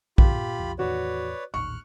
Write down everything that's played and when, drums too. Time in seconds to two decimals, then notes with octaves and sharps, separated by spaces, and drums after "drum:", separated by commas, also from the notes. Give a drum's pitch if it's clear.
0.18 F4 G4 B5, drum: kick A#1
0.32 A#2
0.59 B1 F2
0.79 E2 A2 D#3 F#4 B4 C#5 D5
1.54 A1 D#2 A#2 C#6 F6 F#6